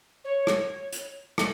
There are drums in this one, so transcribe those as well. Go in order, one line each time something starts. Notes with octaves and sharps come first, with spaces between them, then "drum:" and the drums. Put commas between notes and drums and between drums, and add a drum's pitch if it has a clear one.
C#5
drum: rim click
drum: hi-hat
drum: rim click